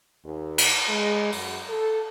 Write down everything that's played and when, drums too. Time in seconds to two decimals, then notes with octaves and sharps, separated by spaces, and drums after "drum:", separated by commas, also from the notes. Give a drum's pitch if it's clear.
0.24 D#2
0.58 drum: cymbal
0.89 G#3
1.33 F#2, drum: open hi-hat
1.69 A4